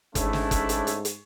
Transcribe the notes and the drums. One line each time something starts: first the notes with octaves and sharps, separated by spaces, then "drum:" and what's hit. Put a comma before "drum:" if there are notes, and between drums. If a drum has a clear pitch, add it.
G#1 G#2 A3 C#4 D4 E4, drum: kick F#1, hi-hat
drum: snare
drum: kick F#1, hi-hat
drum: hi-hat
drum: hi-hat
drum: hi-hat